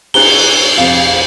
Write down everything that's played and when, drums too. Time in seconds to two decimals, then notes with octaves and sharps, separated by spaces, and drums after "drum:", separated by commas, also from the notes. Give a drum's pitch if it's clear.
0.14 A#5 F#6 G7, drum: cymbal
0.78 F2 C3 F5